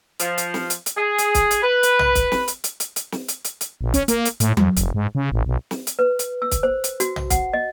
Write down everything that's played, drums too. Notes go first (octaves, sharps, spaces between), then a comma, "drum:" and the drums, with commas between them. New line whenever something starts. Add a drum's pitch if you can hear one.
F3, drum: hi-hat
drum: hi-hat
drum: snare
drum: hi-hat
drum: hi-hat
G#4
drum: hi-hat
drum: kick, hi-hat
drum: hi-hat
B4
drum: hi-hat
drum: tom
drum: kick, hi-hat
drum: snare
drum: hi-hat
drum: hi-hat
drum: hi-hat
drum: hi-hat
drum: snare
drum: hi-hat
drum: hi-hat
drum: hi-hat
A#1
C#4, drum: kick, hi-hat
A#3, drum: hi-hat
drum: hi-hat
A2, drum: hi-hat
F2, drum: tom F#3
F1, drum: kick, hi-hat
G#2
C#3
A1
B1
drum: snare
drum: hi-hat
B4
drum: hi-hat
E6
drum: kick, hi-hat
C5
drum: hi-hat
F#4, drum: hi-hat
drum: tom
F#5, drum: kick, hi-hat
D#5